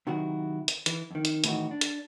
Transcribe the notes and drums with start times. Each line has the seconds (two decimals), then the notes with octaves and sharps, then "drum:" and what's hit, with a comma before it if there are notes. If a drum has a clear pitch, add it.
0.07 C3 D#3 F#3 E4 F#4
0.68 drum: hi-hat
0.86 E3, drum: hi-hat
1.11 F2 D#3
1.25 drum: hi-hat
1.44 A2 D#3 E3 D#4 F#4, drum: hi-hat
1.71 D4
1.81 drum: hi-hat